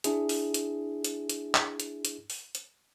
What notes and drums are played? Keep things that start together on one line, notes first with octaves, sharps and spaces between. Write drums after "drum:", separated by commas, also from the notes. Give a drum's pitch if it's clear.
D4 E4 G#4, drum: hi-hat
drum: open hi-hat
drum: hi-hat
drum: hi-hat
drum: hi-hat
drum: clap
drum: hi-hat
drum: hi-hat
drum: open hi-hat
drum: hi-hat